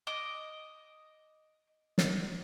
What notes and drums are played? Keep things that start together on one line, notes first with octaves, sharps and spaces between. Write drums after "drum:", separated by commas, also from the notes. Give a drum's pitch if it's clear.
D#5 D6
drum: snare